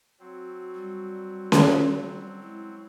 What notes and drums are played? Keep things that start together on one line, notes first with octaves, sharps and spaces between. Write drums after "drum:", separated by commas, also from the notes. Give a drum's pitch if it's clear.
F#3 C4 F#4
G3
drum: snare C#4
G#3 E4